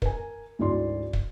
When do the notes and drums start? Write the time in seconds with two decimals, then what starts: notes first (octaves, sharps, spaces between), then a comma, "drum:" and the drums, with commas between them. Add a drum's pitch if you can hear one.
0.02 A#4 G#5, drum: kick
0.59 D2 G#2 E4 F#4 D5 C6
1.13 drum: kick